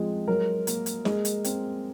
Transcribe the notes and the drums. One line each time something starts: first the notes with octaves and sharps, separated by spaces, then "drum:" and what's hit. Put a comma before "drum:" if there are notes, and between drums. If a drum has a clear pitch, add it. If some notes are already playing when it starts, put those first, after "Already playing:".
Already playing: F3 G#3 C4
F#3 A#4
A#3, drum: hi-hat
drum: hi-hat
G#3, drum: snare
drum: hi-hat
C4, drum: hi-hat